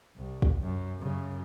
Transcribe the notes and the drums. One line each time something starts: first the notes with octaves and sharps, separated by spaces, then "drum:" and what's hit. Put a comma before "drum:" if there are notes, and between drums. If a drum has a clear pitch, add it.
C2
drum: kick
F#2
F#2 C#3